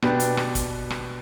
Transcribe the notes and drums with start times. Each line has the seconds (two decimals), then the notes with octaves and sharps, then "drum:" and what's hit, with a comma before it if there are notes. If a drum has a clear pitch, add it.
0.02 B2 B3 D4 G4 B4, drum: rim click
0.20 drum: hi-hat
0.37 drum: rim click
0.55 drum: kick, hi-hat
0.90 drum: rim click